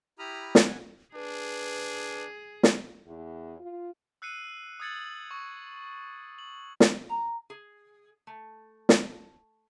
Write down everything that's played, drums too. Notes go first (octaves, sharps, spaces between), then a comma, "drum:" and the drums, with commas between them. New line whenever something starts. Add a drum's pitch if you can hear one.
E4 G4 A#5 B5 D#6 F6
drum: snare
F#5 G#5
D4 G#4 B4
drum: snare
E2
F4
E6 F#6 C7 C#7 D#7
D#6 E6 G#6 A6 C#7 F#7
C#6
F#7
drum: snare
A#5
G#4
A3
drum: snare